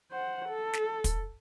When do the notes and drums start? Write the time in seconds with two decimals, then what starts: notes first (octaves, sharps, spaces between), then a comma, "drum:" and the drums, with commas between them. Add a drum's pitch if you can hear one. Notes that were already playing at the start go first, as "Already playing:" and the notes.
0.12 C5 F#5
0.49 A4
0.73 drum: snare
1.04 drum: kick, hi-hat